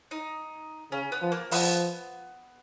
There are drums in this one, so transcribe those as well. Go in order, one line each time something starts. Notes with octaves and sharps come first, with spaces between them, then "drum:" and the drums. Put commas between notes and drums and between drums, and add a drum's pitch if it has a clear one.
D#4
C#3 C#4
B3
F3
A#3
F3 B3, drum: open hi-hat